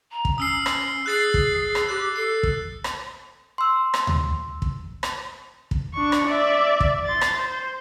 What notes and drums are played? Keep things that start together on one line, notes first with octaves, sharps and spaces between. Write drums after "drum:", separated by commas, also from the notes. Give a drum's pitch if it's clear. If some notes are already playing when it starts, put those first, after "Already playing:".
A#5
drum: kick
C#4 D#6 E6 C7
drum: rim click
G#4 F#6 A6 C7
drum: kick
drum: rim click
G4 F#6
A4 C7
drum: kick
drum: rim click
C6 E6
drum: rim click
drum: tom D2
drum: kick
drum: rim click
drum: kick
D4 C#6
drum: rim click
D5 E5
drum: kick
C6 A6
drum: rim click
C5